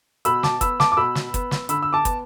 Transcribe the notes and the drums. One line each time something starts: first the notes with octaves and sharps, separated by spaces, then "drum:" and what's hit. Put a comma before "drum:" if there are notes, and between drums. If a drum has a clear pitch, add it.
B2 B5 E6, drum: hi-hat
A5 D6, drum: snare
B3 B5 E6, drum: kick, hi-hat
A5 D6, drum: snare
D6
B2 B5 E6
drum: snare
B3, drum: kick, hi-hat
drum: snare
D3 B5 E6, drum: hi-hat
E6
A5 D6
B3, drum: kick, hi-hat